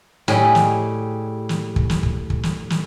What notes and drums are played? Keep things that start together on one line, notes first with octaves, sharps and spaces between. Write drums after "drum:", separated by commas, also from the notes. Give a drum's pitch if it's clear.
A2 G3 G4 G#4 D#5 B5, drum: snare
drum: snare
drum: snare
drum: kick
drum: snare
drum: kick
drum: kick
drum: snare
drum: snare